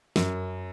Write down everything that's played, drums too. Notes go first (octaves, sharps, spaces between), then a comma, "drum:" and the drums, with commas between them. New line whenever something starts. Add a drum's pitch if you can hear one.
F#2, drum: snare